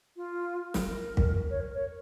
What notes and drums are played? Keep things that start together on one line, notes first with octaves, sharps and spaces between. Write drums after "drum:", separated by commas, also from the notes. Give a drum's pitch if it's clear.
F4
A#4, drum: snare
drum: kick
C#5
A#4
C#5